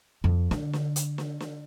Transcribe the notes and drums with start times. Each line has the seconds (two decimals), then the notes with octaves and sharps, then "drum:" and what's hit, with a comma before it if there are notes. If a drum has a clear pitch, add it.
0.24 F2
0.51 D3, drum: snare
0.73 drum: snare
0.96 drum: hi-hat
1.18 drum: snare
1.40 drum: snare